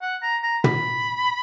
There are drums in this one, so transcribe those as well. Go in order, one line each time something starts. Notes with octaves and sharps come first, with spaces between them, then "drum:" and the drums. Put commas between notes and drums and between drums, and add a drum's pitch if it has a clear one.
F#5
A#5
A#5
B5, drum: tom